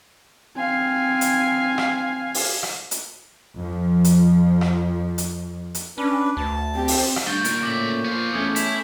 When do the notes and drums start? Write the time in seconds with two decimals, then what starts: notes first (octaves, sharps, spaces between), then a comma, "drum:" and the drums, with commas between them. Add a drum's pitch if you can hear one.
0.57 C4 F5 G#5
1.21 drum: hi-hat
1.78 drum: rim click
2.34 drum: open hi-hat
2.63 drum: rim click
2.91 drum: hi-hat
3.56 F2 F3
4.04 drum: hi-hat
4.61 drum: rim click
5.18 drum: hi-hat
5.75 drum: hi-hat
5.98 C#4 D4 B4
6.37 D2 A5
6.75 C4 G4
6.88 drum: open hi-hat
7.16 drum: rim click
7.27 G2 A3 F4 C#6 G6 G7
7.45 D#2 A#2 A#4, drum: hi-hat
7.63 A2 C#3 E5 D6 F#7
8.05 F3 B3 C5 F5
8.33 E2 A3 C#4 D#6 G#6 G7
8.56 E4 B6 F7, drum: hi-hat